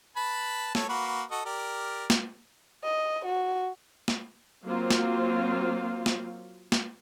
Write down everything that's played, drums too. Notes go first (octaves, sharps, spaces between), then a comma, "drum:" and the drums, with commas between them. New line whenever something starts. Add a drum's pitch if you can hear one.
B4 A5 B5
A4 C#5, drum: snare
A#3 F#4 B4
F#4 A4 D#5
G4 A#4 D5
drum: snare
D#5
F#4
drum: snare
F#3 A#3 C4 F4 C5 F5
drum: snare
drum: snare
drum: snare